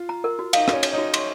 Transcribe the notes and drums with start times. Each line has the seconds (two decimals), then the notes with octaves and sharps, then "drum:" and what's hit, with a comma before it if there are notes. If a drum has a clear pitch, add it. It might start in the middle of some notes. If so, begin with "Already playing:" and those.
Already playing: F4
0.09 A#5
0.24 A#4
0.39 F#4
0.53 D#4 F5, drum: cymbal
0.68 F#4, drum: rim click
0.73 C#4
0.83 C#5, drum: cymbal
0.93 D#4 F#4
1.14 C6, drum: cymbal